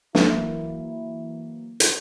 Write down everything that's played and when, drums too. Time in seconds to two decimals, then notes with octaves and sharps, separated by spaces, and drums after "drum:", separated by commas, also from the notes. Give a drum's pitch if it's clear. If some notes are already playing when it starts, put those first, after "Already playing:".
0.15 E3 F#3 A#3 E4, drum: snare
1.80 drum: hi-hat